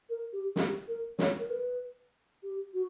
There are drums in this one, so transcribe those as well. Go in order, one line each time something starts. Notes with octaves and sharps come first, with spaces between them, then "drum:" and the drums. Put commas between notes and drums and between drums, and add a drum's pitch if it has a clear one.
A#4
G4
G4, drum: snare
A#4
C#5, drum: snare
A#4
B4
G4
F#4